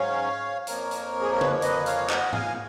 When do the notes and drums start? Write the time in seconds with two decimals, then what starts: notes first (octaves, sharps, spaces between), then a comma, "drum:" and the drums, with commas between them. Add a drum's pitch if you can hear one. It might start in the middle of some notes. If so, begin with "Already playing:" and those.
Already playing: G#2 F#3 C#4 C#5 F5
0.67 F2 F3 A#3 A#4 C#5, drum: hi-hat
0.91 drum: hi-hat
1.21 G#4
1.31 A#4
1.41 B4, drum: tom C#3
1.52 C#5
1.62 B4 D#5, drum: hi-hat
1.86 C#5 F5, drum: hi-hat
2.10 D#5 F#5, drum: clap
2.33 F5 G#5, drum: tom G#2